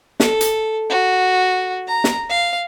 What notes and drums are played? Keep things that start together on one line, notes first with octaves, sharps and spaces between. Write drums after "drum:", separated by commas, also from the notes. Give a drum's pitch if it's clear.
A4, drum: snare
drum: hi-hat
F#4
A#5
drum: snare
F5